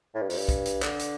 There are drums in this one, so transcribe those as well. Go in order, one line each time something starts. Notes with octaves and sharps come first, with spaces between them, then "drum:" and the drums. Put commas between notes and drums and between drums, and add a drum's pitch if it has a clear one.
A2
G2
F2, drum: open hi-hat
G2
drum: kick, hi-hat
drum: hi-hat
D3, drum: clap
drum: hi-hat